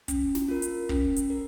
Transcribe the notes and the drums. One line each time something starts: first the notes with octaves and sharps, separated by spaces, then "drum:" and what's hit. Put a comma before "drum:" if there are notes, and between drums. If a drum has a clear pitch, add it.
C#4, drum: kick, hi-hat
drum: snare
F4 A#4
drum: hi-hat
C#4, drum: kick
drum: hi-hat
A#4